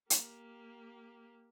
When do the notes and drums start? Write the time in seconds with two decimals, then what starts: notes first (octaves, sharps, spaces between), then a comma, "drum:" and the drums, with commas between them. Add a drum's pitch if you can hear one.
0.10 A#3 G4, drum: hi-hat